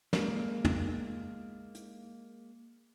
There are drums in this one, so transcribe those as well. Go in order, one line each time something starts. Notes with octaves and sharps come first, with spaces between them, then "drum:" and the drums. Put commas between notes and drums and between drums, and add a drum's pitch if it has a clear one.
G#3 A#3, drum: snare
drum: tom
drum: hi-hat